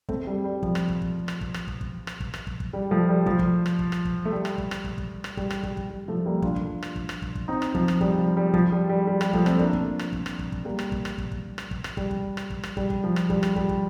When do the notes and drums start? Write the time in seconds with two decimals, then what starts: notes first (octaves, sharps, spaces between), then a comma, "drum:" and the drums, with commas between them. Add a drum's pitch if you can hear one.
0.09 A3 C4, drum: kick
0.27 G3
0.44 G3
0.63 F3, drum: kick
0.75 drum: rim click
0.88 drum: kick
1.02 drum: kick
1.28 drum: rim click
1.41 drum: kick
1.54 drum: rim click
1.68 drum: kick
1.81 drum: kick
2.07 drum: rim click
2.20 drum: kick
2.34 drum: rim click
2.47 drum: kick
2.60 drum: kick
2.73 G3
2.91 F3 A3
3.09 G3
3.26 F3, drum: kick
3.39 drum: kick
3.66 drum: rim click
3.79 drum: kick
3.92 drum: rim click
4.05 drum: kick
4.25 A3
4.32 G3
4.45 drum: rim click
4.58 drum: kick
4.71 drum: rim click
4.84 drum: kick
4.98 drum: kick
5.24 drum: rim click
5.37 G3, drum: kick
5.50 drum: rim click
5.63 G3, drum: kick
5.77 drum: kick
5.90 G3
6.08 F3 A3
6.26 G3 A#3
6.42 D4 F4, drum: kick
6.56 drum: kick
6.83 drum: rim click
6.96 drum: kick
7.09 drum: rim click
7.22 drum: kick
7.35 drum: kick
7.48 C4 D#4
7.62 drum: rim click
7.75 F3, drum: kick
7.88 drum: rim click
8.01 G3, drum: kick
8.19 F3
8.37 G3
8.54 F3, drum: kick
8.72 G3
8.89 G3
9.07 G3
9.21 G3, drum: rim click
9.33 F3 A3, drum: kick
9.46 A3 C4, drum: rim click
9.59 A#3 D4, drum: kick
9.73 drum: kick
9.99 drum: rim click
10.13 drum: kick
10.26 drum: rim click
10.39 drum: kick
10.52 drum: kick
10.65 G3 A#3
10.79 drum: rim click
10.92 drum: kick
11.05 drum: rim click
11.18 drum: kick
11.31 drum: kick
11.58 drum: rim click
11.71 drum: kick
11.84 drum: rim click
11.97 G3, drum: kick
12.11 drum: kick
12.37 drum: rim click
12.50 drum: kick
12.63 drum: rim click
12.77 G3, drum: kick
12.90 drum: kick
13.04 F3
13.16 drum: rim click
13.30 G3, drum: kick
13.43 drum: rim click
13.56 G3, drum: kick
13.69 drum: kick